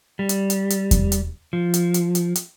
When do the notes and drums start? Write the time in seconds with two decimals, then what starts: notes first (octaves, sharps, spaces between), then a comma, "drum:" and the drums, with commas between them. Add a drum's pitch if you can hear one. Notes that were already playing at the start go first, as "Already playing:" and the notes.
0.19 G3
0.29 drum: hi-hat
0.50 drum: hi-hat
0.70 drum: hi-hat
0.91 drum: kick E2, hi-hat
1.12 drum: hi-hat
1.53 F3
1.74 drum: hi-hat
1.94 drum: hi-hat
2.15 drum: hi-hat
2.35 drum: hi-hat